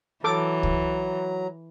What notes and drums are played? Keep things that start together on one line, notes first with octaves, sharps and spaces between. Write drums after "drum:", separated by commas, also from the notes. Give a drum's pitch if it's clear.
E3 F#3 A4 A#5 D6
drum: kick C2